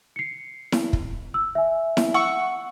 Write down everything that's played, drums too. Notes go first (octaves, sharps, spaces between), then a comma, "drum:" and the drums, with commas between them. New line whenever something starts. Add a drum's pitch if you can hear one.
C7 C#7
drum: snare E4
drum: kick
E6
E5 G#5
drum: snare E4
F#5 C#6 E6